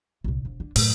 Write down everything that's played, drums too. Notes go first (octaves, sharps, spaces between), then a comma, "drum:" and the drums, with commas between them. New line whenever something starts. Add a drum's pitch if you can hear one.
C2 A#2
E1
D3
F#2 A2, drum: open hi-hat